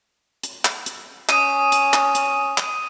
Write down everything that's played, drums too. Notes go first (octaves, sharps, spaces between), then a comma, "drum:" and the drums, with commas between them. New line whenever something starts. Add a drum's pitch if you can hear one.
drum: hi-hat
drum: clap
drum: hi-hat
C#4 D#6 D#7, drum: clap
drum: hi-hat
drum: clap
drum: hi-hat
drum: clap